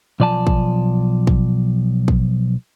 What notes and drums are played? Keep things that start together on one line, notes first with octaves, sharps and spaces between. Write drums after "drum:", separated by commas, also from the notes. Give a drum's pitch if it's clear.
B1 F3 D5 G#5 A5
drum: kick
drum: kick
drum: kick